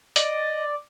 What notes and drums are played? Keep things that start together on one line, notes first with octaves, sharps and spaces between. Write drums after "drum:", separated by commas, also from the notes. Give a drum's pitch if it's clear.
D5 D#5, drum: hi-hat